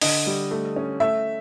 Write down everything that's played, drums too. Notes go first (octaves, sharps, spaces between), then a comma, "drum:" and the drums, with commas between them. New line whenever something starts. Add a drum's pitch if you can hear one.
D3 D#5, drum: open hi-hat
G3
A3
C#4
A3 E5